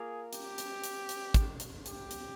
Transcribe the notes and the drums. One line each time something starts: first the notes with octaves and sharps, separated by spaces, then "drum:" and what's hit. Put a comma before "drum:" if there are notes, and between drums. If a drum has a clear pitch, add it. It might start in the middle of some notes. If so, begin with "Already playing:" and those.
Already playing: A#3 F4 G#4 A#4
G4, drum: hi-hat
drum: hi-hat
drum: hi-hat
drum: hi-hat
drum: kick, hi-hat
drum: hi-hat
G4, drum: hi-hat
drum: hi-hat